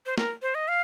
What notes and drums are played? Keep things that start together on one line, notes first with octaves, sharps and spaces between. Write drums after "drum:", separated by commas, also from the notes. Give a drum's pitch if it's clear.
C5
A#4, drum: snare
C5
D#5
F5